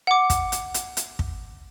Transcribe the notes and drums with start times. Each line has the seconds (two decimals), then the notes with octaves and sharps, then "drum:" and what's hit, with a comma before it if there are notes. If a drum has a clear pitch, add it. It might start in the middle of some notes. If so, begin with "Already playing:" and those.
0.07 F#5 D6
0.30 drum: kick, hi-hat
0.52 drum: hi-hat
0.74 drum: hi-hat
0.97 drum: hi-hat
1.19 drum: kick